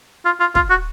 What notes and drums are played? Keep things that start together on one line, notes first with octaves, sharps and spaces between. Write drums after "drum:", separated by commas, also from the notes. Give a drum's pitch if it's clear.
F4
F4
F4, drum: kick
F#4